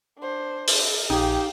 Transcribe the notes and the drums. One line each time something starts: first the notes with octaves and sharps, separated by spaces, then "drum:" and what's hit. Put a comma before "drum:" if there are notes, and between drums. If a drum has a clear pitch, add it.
D4 C5
drum: open hi-hat
A#1 D#4 G4 F5 G5 G#5 D#6